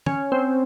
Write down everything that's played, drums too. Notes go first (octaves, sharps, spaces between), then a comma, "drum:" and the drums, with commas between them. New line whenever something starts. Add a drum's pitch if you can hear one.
C#4, drum: tom
C4